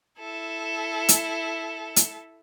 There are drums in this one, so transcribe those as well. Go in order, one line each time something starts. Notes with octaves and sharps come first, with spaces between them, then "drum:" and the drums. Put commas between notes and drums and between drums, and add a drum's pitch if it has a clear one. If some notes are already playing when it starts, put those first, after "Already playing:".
E4 A4
drum: hi-hat
drum: hi-hat